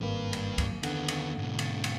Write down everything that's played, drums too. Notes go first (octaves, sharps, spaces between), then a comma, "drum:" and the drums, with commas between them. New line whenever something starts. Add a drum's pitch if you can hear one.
G#1 G2 A#3 B4
drum: cymbal
drum: kick, cymbal
D#2 D3 B3 F#5, drum: cymbal
drum: cymbal
G#2 B2
drum: cymbal
drum: cymbal